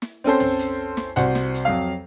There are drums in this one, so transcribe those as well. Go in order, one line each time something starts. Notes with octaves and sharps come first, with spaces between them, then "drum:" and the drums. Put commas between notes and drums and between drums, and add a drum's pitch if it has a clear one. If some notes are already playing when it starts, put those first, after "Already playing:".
drum: snare
C4 C#4 A4 C5
drum: tom
drum: hi-hat
drum: snare
C2 F#4 C5 F#5, drum: hi-hat
drum: snare
drum: hi-hat
F2 F#3 F5